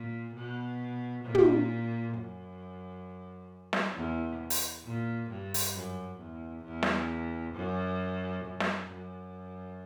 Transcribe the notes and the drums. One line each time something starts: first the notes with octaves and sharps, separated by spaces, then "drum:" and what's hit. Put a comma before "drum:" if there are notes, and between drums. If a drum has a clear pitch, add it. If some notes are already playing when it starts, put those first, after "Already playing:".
Already playing: A#2
B2
A#2
drum: tom
F#2
drum: snare
E2
drum: open hi-hat
A#2
G2
drum: open hi-hat
F#2
E2
E2
drum: snare
F#2
F#2
drum: snare
F#2